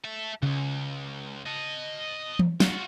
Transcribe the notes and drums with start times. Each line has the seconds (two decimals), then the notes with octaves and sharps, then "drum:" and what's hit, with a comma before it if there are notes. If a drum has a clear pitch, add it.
0.05 E5 A5
0.43 C#2 G2 C#3
1.46 D#5 A5
2.39 drum: tom E3
2.60 F4 F#4, drum: snare